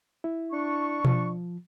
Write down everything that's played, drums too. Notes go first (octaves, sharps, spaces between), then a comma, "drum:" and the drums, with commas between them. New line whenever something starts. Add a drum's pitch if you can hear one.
E4
D4 C#6
F3, drum: tom B2